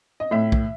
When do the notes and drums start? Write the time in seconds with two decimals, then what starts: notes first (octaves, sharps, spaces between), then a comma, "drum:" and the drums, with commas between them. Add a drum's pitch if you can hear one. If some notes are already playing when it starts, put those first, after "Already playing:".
0.20 D#5
0.31 A2 E5
0.52 drum: kick B1